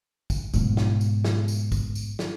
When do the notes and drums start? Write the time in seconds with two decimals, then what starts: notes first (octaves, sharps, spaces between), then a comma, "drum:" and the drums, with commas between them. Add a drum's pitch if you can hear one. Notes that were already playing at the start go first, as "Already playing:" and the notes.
0.30 drum: kick, tambourine
0.54 G#2 B2, drum: tambourine
0.77 drum: snare
1.01 drum: tambourine
1.24 drum: snare
1.48 drum: tambourine
1.72 drum: kick, tambourine
1.95 drum: tambourine
2.19 drum: snare